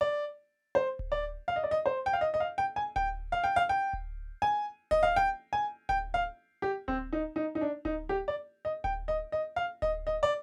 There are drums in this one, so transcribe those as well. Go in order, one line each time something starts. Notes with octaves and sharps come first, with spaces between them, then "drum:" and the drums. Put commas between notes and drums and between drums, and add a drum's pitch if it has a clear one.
D5
C5
drum: kick D1
D5
F5
D#5
D5
D#5
C5
G5
F5
D#5
D#5
F5
G5
G#5
G5, drum: kick D1
F5
G5
F5
G5
drum: kick D1
G#5
D#5, drum: kick D1
F5
G5
G#5
G5, drum: kick D1
F5
G4
C4, drum: kick D1
D#4
D#4
D#4
D4
D#4, drum: kick D1
G4
D5
D#5
G5, drum: kick D1
D#5
D#5
F5
D#5, drum: kick D1
D#5
D5